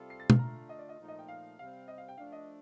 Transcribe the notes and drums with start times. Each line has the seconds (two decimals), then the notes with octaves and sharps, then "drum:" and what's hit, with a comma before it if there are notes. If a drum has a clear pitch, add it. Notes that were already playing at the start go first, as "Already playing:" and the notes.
Already playing: C3 G3 C4 F4 A4
0.10 C7
0.20 A6
0.30 F6, drum: tom
0.39 D3 A3 D4 F4 A#5
0.69 D#5
0.79 D5
0.89 D#5
0.99 A#2 F3 A3 D#4
1.08 D#5
1.19 G5
1.28 F5
1.59 C3 G3 C4 F5
1.88 D#5
1.98 F5
2.08 G5
2.18 F3 A3 D4 F5
2.32 D#5